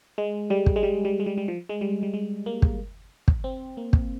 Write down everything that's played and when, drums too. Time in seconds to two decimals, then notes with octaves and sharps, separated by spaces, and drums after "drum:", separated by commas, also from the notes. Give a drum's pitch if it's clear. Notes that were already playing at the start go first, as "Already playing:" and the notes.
0.18 G#3
0.50 G3
0.66 drum: kick
0.76 G#3
0.83 G3
1.05 G3
1.20 G#3
1.26 G3
1.38 G3
1.48 F3
1.69 G#3
1.81 G3
2.03 G3
2.14 G#3
2.46 A#3
2.62 drum: kick
3.28 drum: kick
3.44 C4
3.77 A#3
3.93 drum: kick